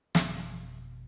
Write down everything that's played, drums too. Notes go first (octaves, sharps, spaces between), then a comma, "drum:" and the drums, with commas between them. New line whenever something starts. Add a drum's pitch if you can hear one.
G1 F2 B2, drum: snare